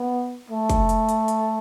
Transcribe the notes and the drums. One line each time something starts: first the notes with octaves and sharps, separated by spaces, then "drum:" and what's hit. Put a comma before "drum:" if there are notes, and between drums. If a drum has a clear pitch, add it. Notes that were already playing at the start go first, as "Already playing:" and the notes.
Already playing: B3
A3
drum: kick, hi-hat
drum: hi-hat
drum: hi-hat
drum: hi-hat